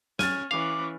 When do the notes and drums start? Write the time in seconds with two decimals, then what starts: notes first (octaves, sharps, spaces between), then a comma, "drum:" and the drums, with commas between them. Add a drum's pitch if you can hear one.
0.19 C#4 G#5 F6 A6, drum: snare
0.51 E3 C#4 F5 D6